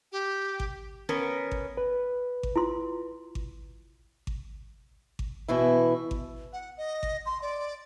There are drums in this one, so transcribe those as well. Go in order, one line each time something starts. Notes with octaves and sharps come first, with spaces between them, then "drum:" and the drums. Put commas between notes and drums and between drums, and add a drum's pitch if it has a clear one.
G4
drum: kick G#1
B3 C#4 A#4
drum: kick G#1
B4
drum: kick G#1
E4 F4 C6
drum: kick G#1
drum: kick G#1
drum: kick G#1
B2 E3 E4
drum: kick G#1
F#5
D#5
drum: kick G#1
C6
D5